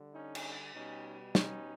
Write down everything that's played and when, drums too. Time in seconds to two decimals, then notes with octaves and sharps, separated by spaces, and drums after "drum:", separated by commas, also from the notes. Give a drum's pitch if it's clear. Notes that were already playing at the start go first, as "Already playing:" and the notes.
Already playing: D3 G3
0.15 C#4 D#4
0.35 drum: cymbal
0.75 B2 G3 C#4 D#4
1.35 C#4 D#4, drum: snare